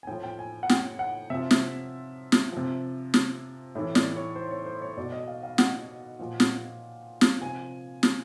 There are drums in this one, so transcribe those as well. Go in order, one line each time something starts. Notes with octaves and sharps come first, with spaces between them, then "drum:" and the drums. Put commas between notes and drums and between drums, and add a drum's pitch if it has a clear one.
G#5
A2 F3 G5
G5
G#5
F#5
G5, drum: snare
F#5
C3 F3 E5
drum: snare
drum: snare
C3 F3
drum: snare
A2 E3 E5
D5, drum: snare
C#5
C5
C#5
C5
C#5
B2 D5
D#5
F5
F5
F#5, drum: snare
A#2 F3
drum: snare
drum: snare
C3 F3 G#5
drum: snare